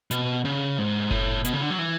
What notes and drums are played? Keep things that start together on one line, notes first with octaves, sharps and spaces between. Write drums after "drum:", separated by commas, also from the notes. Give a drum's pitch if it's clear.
B2, drum: hi-hat
C#3
G#2
A2, drum: kick F#1
B2, drum: hi-hat
C#3
D3
F#3
E3